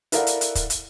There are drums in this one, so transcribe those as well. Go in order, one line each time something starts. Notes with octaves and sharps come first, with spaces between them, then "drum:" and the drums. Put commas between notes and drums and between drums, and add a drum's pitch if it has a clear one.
E4 A4 A#4 D5 F5 F#5, drum: hi-hat
drum: hi-hat
drum: hi-hat
drum: kick, hi-hat
drum: hi-hat